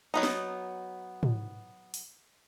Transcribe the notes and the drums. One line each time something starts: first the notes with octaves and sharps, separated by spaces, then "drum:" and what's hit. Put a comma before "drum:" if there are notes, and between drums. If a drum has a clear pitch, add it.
F#3 B3 D#4
drum: snare
drum: tom
drum: open hi-hat